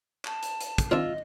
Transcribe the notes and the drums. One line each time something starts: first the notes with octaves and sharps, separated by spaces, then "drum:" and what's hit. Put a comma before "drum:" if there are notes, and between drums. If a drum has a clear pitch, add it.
A5, drum: clap
drum: hi-hat
drum: hi-hat
drum: kick, hi-hat
D#3 C4 D4 F4 D#5 E5